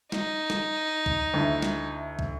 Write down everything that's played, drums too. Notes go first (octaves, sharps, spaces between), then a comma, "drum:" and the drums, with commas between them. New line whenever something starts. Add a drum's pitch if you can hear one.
D#4, drum: snare
drum: snare
drum: kick
D2 E4
drum: snare
drum: kick